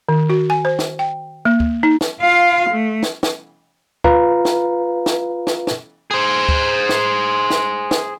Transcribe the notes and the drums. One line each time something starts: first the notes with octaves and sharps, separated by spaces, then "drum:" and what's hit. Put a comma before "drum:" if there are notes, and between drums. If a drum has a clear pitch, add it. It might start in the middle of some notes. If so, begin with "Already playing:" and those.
D#3
F#4
G#5
C5
drum: snare
G5
A#3
drum: kick D2
D#4
drum: snare
F4 F5
A3
drum: snare
drum: snare
F4 B4 F5 A#5, drum: kick D2
drum: snare
drum: snare
drum: snare
drum: snare
G#4 C5
drum: kick D2
drum: snare
drum: snare
drum: snare